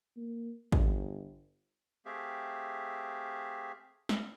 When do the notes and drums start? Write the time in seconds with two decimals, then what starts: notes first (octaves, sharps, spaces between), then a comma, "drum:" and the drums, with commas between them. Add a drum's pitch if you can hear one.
0.17 A#3
0.72 G1, drum: kick A1
2.06 A3 C4 G4 G#4 E5 F5
4.09 drum: snare